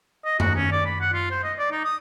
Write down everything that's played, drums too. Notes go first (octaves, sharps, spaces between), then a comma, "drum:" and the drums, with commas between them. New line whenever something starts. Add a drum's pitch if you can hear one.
D#5
F#4, drum: tom F#2
C#4
D5
B5
F#5
F4
C5
D#5
D5
D#4
D#6